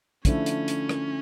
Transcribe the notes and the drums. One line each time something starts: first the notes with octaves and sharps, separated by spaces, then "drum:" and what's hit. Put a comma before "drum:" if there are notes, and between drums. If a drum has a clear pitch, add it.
D3 F3 A3 C#4 E4, drum: kick, hi-hat
drum: hi-hat
drum: hi-hat
drum: rim click